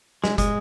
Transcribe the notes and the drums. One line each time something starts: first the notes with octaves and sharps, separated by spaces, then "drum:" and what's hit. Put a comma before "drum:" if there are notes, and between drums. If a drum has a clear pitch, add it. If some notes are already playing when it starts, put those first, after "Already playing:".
G#3, drum: snare
G#3, drum: kick, hi-hat